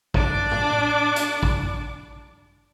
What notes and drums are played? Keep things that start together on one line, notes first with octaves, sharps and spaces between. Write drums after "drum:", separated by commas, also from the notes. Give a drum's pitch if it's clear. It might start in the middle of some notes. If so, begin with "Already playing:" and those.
D4 D6, drum: kick A1
drum: tom A2
drum: hi-hat
drum: kick A1